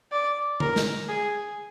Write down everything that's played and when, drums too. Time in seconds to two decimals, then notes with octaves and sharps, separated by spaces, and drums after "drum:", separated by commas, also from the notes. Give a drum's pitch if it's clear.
0.12 D5
0.60 A#4, drum: tom D3
0.76 drum: snare
1.09 G#4